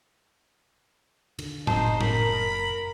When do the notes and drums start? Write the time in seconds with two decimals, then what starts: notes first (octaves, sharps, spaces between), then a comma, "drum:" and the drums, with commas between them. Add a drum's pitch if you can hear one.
1.39 D3, drum: cymbal
1.67 F#1 D#4 C5 A5, drum: tom A2
2.01 A#4 B5, drum: tom A2